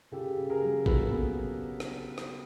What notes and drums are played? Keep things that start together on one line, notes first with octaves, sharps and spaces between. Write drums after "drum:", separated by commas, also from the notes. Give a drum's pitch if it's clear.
C#3 G4 A4
C#3
G#4 A#4
F#3
F#3 A4 B4, drum: kick
B3
drum: rim click
drum: rim click